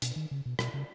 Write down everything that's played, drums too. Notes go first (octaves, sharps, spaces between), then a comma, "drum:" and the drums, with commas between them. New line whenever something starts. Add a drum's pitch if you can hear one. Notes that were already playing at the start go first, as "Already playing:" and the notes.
B2, drum: hi-hat
D#3
C#3
B2
B2, drum: rim click
C#3